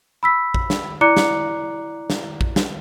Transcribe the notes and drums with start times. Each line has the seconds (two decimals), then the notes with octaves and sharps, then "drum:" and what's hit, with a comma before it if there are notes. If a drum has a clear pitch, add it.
0.23 B5 E6 B6
0.54 drum: kick A#1
0.70 drum: snare
1.01 E4 D5 A#5 D6 F#6 C#7
1.17 drum: snare
2.10 drum: snare
2.41 drum: kick A#1
2.56 drum: snare